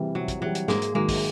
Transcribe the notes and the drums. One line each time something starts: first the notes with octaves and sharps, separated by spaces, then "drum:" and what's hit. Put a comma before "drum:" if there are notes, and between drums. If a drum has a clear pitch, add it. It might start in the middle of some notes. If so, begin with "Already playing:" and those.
Already playing: C3 E3 G3
C3 F#3
drum: kick, hi-hat
E3 F#3 G3
drum: hi-hat
G#2 G#3 A#3, drum: snare
drum: hi-hat
D#3 F#3 G#3 A#3
drum: kick, open hi-hat